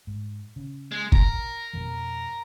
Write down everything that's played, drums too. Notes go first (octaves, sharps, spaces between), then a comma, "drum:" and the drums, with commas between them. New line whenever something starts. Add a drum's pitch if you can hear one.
G#2
C#3
G#3
A#4, drum: kick
F2 B2 F3